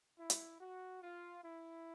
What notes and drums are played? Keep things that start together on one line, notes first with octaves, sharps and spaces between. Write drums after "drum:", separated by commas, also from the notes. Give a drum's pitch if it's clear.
E4
drum: hi-hat
F#4
F4
E4